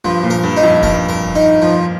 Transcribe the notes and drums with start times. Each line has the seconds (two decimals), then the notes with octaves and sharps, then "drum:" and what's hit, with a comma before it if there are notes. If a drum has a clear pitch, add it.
0.04 G2 F3
0.23 A#2
0.30 A#4
0.44 G2
0.57 D#4
0.63 F2
0.83 G2 A#4, drum: kick E1
1.09 A#4
1.35 D#4
1.62 F3